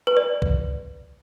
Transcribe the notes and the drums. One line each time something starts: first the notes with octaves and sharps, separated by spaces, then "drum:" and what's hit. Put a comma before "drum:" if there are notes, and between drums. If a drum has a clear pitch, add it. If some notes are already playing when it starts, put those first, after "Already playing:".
B4
D5
drum: kick B1